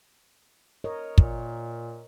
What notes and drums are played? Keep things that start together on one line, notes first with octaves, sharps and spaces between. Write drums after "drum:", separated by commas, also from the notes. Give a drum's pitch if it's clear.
A#4 C#5 D#5
A#2, drum: kick